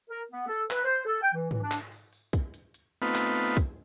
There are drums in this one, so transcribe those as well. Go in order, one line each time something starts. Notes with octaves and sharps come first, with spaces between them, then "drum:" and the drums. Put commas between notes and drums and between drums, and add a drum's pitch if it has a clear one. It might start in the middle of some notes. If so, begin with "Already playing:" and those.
A#4
B3
A4
B4, drum: clap
C5
A4
G5
E3
E3, drum: tom G#2
D4
drum: clap
drum: open hi-hat
drum: open hi-hat
drum: kick, hi-hat
drum: hi-hat
drum: hi-hat
A3 B3 C4 D#4 F4 B4
drum: clap
drum: hi-hat
drum: kick, hi-hat